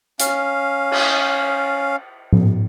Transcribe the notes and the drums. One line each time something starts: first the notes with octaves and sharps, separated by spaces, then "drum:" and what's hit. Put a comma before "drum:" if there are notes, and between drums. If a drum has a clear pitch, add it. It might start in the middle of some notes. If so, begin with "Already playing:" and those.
C#4 F5, drum: hi-hat
drum: cymbal
drum: tom A2